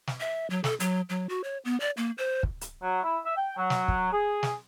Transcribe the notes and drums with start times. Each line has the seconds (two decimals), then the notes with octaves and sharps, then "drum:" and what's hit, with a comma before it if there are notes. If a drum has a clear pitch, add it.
0.07 drum: snare
0.20 E5
0.50 F#3
0.64 A4, drum: snare
0.80 F#3, drum: hi-hat
1.09 F#3
1.29 F#4
1.44 C#5
1.65 B3
1.80 D5
1.97 A#3
2.18 C5
2.43 drum: kick
2.61 drum: hi-hat
2.83 F#3
3.04 E4
3.26 E5
3.38 G5
3.57 F#3
3.70 drum: snare
3.88 drum: kick
4.13 G#4
4.43 drum: snare